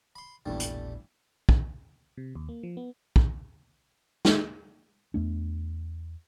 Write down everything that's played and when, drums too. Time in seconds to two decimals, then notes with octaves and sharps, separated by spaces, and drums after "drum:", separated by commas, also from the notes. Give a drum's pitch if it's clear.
0.16 B5 C6
0.46 E1 A#1 G2 E3 G3 A3 B3
0.60 drum: hi-hat
1.49 drum: kick
2.17 C3
2.35 D#2
2.49 A#3
2.63 F3
2.77 B3
3.16 drum: kick
4.25 drum: snare
5.14 E2 A3 D4